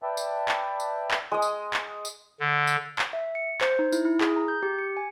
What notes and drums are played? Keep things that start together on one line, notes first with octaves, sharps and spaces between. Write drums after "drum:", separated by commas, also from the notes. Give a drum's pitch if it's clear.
B4 D5 E5 G5 A5
drum: tambourine
drum: clap
drum: tambourine
drum: clap
G#3 D#5
drum: tambourine
drum: clap
drum: tambourine
D3
drum: tambourine
drum: clap
E5
C#7
C5, drum: clap
D#4
E4, drum: tambourine
E4
G#4, drum: clap
A#5
G6
G4
C#7
G#5